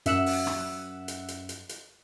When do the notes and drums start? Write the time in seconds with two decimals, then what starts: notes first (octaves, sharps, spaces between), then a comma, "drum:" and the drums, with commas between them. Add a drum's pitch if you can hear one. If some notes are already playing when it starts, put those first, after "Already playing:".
0.06 F#2 E5 F#5 E6 F#6, drum: hi-hat
0.26 drum: open hi-hat
0.47 drum: rim click
1.08 drum: hi-hat
1.28 drum: hi-hat
1.49 drum: hi-hat
1.69 drum: hi-hat